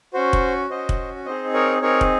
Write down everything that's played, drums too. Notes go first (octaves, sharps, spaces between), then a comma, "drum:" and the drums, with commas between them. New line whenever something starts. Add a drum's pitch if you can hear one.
C#4 F#4 C5
drum: kick
C#4 F#4 C5 D#5
drum: kick
C4 D#4 G#4 C5 D#5
A#4 C#5
C4 D#4 G#4 A#4 C#5
drum: kick